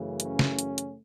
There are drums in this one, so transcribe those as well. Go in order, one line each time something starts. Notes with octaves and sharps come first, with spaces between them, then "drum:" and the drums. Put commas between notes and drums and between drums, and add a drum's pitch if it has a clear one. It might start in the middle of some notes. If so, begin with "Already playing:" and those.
Already playing: F#2 C#3 E3 A3
C#4, drum: hi-hat
drum: snare
drum: hi-hat
drum: hi-hat